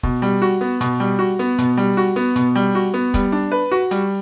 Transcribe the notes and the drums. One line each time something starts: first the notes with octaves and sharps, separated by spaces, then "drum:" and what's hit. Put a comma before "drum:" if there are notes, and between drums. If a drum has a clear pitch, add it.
B2, drum: kick
G3
F#4
B3
B2, drum: hi-hat
G3
F#4
B3
B2, drum: hi-hat
G3
F#4
B3
B2, drum: hi-hat
G3
F#4
B3
G3, drum: kick, hi-hat
D4
B4
F#4
G3, drum: hi-hat